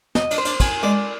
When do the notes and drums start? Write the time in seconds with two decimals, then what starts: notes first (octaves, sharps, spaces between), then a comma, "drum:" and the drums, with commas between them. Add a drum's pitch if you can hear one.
0.15 D#5, drum: snare
0.31 D4, drum: cymbal
0.38 C5
0.45 D4, drum: cymbal
0.60 C4 G#5, drum: kick, cymbal
0.83 G#3 D5